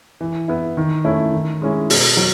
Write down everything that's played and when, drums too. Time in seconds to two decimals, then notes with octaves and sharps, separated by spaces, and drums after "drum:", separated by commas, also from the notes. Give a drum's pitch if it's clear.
0.21 E3
0.48 B3 E4
0.77 D#3
1.04 A3 C#4 E4
1.33 D#3
1.62 G#3 C#4 E4
1.90 B2, drum: open hi-hat
2.17 F#3